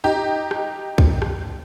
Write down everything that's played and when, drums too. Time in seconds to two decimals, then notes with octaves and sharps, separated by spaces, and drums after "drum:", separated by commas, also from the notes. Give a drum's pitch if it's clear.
0.04 D#4 G4
0.51 drum: rim click
0.98 drum: kick
1.22 drum: rim click